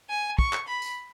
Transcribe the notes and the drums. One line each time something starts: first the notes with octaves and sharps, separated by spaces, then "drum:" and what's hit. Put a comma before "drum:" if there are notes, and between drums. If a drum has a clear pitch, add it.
G#5
C#6, drum: kick
drum: clap
B5
drum: tambourine